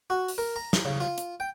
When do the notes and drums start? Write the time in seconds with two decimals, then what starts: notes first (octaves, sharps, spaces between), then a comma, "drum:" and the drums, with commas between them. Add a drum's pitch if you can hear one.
0.10 F#4
0.28 drum: open hi-hat
0.38 A#4
0.56 A#5
0.73 drum: snare
0.85 C#3
1.00 F4
1.18 drum: hi-hat
1.40 G5